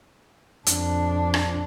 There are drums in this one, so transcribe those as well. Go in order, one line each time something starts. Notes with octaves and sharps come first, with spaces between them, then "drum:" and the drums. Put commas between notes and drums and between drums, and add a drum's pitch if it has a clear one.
F2 D4, drum: hi-hat
drum: rim click